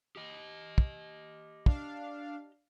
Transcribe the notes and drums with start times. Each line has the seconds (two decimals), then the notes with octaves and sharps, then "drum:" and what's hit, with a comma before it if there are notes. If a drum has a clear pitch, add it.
0.16 G4 D#5
0.78 drum: kick
1.66 D4 F5, drum: kick